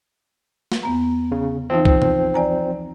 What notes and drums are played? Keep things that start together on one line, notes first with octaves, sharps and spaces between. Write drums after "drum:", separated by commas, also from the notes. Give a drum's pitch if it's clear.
drum: snare
E2 B3 A#5
C#3
E3 F3 C4 D#4
drum: kick
drum: tom C3
D5 G#5 A#5